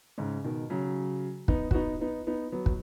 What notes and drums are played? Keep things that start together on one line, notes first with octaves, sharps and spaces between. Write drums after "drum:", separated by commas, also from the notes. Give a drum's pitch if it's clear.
G#2 C#3
B2 D#3
C#3 F#3
B3 D#4, drum: kick
F#4, drum: kick
B3 D#4
B3 D#4
B3 D#4
F#3 B3
drum: kick